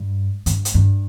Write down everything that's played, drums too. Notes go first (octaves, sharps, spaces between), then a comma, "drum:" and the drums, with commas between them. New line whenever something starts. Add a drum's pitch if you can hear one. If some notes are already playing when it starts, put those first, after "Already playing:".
Already playing: G2
G2, drum: hi-hat
drum: hi-hat
G2